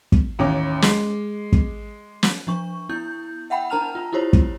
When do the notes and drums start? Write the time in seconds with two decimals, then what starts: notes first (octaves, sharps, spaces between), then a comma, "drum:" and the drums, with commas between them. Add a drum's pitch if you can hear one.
0.12 drum: kick
0.39 A1 D#2 C#4 D6
0.82 G#3, drum: snare
1.52 drum: kick
2.23 drum: snare
2.47 F3 D4 C#6
2.89 B3 E4 G6
3.50 E5 F#5 G5 B5
3.70 D4 A#4 A5 A#5 F6 F7
3.95 F4
4.13 E4 F4 G4 C5 C#5
4.33 drum: kick